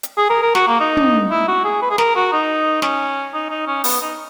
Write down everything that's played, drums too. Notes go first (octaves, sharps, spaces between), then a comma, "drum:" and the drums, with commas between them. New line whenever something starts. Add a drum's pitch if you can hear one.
drum: hi-hat
G#4
A#4
A#4
F#4, drum: snare
A#3
D#4
drum: tom
E4
F#4
G#4
B4
G#4
A#4, drum: snare
F#4
D#4
C#4, drum: snare
D#4
D#4
C#4
B3, drum: open hi-hat
D#4